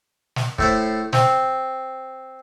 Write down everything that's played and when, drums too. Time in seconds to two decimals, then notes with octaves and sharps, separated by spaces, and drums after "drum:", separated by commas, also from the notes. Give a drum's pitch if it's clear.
0.36 drum: snare
0.59 A2 A3 C5, drum: kick
1.13 C4, drum: snare